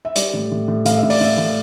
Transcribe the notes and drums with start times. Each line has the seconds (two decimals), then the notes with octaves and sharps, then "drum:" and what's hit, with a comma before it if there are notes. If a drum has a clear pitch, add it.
0.05 E5
0.16 G3 D5, drum: hi-hat
0.34 A2
0.52 A2
0.68 A2
0.85 A2 F5, drum: hi-hat
0.97 E5
1.03 A2
1.10 D5, drum: open hi-hat
1.21 A2 E5
1.38 A2